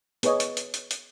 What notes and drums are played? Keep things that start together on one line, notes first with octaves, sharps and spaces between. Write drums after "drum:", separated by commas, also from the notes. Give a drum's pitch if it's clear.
B3 G#4 B4 C#5 D#5, drum: hi-hat
drum: hi-hat
drum: hi-hat
drum: hi-hat
drum: hi-hat